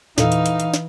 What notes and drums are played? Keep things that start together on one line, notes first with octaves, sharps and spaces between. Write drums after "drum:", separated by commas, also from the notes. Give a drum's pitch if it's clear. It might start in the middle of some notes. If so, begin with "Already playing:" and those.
E2 A#2 E3 D#4 A4 F5, drum: snare
drum: hi-hat
drum: hi-hat
drum: hi-hat
drum: snare